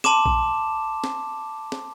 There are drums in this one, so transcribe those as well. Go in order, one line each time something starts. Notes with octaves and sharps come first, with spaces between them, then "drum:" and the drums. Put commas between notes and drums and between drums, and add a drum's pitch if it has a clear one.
A5 C6 D6 E7, drum: snare
drum: kick A#1
drum: snare
drum: snare